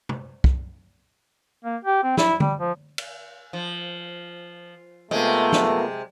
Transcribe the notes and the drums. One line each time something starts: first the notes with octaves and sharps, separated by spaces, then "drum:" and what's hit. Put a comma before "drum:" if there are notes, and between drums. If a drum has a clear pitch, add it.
drum: tom
drum: kick
A#3
G4
C4
E4, drum: snare
G3, drum: tom D3
F3
drum: cymbal
F3
C3 G#3 A3 B3 F4 A#4
drum: snare